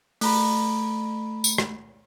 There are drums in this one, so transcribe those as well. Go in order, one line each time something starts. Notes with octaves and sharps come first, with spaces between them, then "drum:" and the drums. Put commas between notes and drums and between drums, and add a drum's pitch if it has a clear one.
A3 A#5 B5, drum: open hi-hat
drum: tambourine
drum: rim click